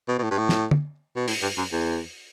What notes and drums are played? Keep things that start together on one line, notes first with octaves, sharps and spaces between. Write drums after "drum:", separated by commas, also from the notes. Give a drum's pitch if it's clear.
B2
B2
A2
G2
A2
drum: snare
drum: tom
B2
A2, drum: open hi-hat
G2
F#2
E2